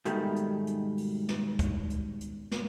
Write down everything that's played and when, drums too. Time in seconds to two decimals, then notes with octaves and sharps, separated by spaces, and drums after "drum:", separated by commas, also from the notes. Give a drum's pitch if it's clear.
0.05 G#2 B2 D#3 G3 A3, drum: hi-hat
0.36 drum: hi-hat
0.67 drum: hi-hat
0.98 drum: open hi-hat
1.28 drum: snare
1.59 drum: kick, hi-hat
1.90 drum: hi-hat
2.21 drum: hi-hat
2.51 drum: snare